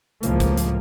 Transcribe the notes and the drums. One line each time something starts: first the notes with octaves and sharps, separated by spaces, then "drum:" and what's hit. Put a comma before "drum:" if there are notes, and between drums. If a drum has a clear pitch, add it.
C#2 A2 F3 A#3, drum: hi-hat
drum: kick, hi-hat
drum: hi-hat